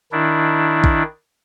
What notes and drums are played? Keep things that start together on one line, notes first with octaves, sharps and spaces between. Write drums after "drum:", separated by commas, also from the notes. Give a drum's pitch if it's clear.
D#3 D4 E4
drum: kick